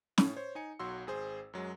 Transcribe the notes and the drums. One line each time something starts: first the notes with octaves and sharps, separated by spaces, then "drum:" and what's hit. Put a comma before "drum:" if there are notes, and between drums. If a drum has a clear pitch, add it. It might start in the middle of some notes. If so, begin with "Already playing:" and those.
A2 C#4, drum: snare
C5 C#5
D#4 G#5 C#7
B1 F#3 F#4 C6 E6
G#1 G#4 C5
F#2 F#3 G#3